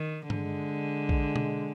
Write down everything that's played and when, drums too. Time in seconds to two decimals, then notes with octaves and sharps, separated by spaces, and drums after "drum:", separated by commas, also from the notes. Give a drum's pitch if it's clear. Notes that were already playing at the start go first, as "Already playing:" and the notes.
Already playing: D#3
0.30 D3 G#3, drum: tom G2
1.09 drum: kick A#1
1.36 drum: tom B2